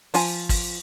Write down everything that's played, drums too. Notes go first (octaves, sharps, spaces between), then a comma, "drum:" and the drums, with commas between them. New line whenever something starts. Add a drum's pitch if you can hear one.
F3 F4 G#5, drum: open hi-hat
drum: kick, open hi-hat